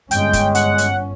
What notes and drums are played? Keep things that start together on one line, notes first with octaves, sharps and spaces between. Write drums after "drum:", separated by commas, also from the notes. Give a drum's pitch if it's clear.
G1 G#3 C#4 G5, drum: hi-hat
drum: kick, hi-hat
F#5, drum: hi-hat
drum: hi-hat